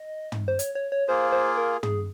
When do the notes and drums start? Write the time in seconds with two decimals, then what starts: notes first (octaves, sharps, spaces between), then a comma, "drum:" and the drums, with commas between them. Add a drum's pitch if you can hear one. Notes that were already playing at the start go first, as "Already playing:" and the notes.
Already playing: D#5
0.32 drum: tom
0.48 C5
0.59 C#5, drum: hi-hat
0.75 C#5
0.92 C#5
1.08 A#3 F4 G#4 C5
1.32 C5
1.58 A#4
1.83 G#4, drum: tom